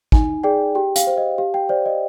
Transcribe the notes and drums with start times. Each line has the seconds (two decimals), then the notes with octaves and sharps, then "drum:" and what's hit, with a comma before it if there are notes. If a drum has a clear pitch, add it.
0.12 D#4 G#5, drum: kick
0.44 G#4 D5 G5
0.75 G4 G5
0.96 F5, drum: hi-hat
1.07 C5
1.17 D#5
1.38 G4 F5
1.54 G5
1.69 C5 D5
1.85 D#5